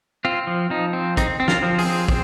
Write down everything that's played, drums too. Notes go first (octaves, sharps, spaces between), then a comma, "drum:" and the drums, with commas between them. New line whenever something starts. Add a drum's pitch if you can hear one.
C4 F4
F3
F3 D#4
C4
C4 D#4, drum: kick, hi-hat
C4
F4, drum: snare
F3
G#4, drum: open hi-hat
C4
C4, drum: kick